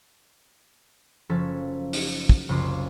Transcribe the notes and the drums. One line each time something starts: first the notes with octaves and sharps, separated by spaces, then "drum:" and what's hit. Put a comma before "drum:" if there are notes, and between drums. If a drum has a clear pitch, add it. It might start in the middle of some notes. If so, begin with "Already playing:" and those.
F#1 F3 C#4 A4 A5 B6
drum: open hi-hat
drum: kick
F#1 C2 F3 F4 C6 D6